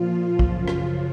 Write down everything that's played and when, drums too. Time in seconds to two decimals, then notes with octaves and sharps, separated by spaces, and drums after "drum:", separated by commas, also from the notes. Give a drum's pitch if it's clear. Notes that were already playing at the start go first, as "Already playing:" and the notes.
Already playing: A#2 F3 F4
0.39 F#2 C#3 F3 F4, drum: kick
0.68 drum: rim click